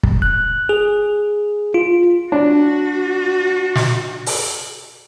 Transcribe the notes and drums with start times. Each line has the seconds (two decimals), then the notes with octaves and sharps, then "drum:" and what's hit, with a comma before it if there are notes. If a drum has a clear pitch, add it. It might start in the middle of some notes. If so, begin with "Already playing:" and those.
0.03 drum: kick
0.22 F#6
0.69 G#4
1.74 F4
2.32 D4 F#4
3.75 drum: snare
4.26 drum: open hi-hat